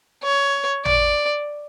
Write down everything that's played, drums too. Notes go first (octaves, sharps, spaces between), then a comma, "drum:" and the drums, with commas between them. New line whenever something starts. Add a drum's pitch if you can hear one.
C#5
D5, drum: tom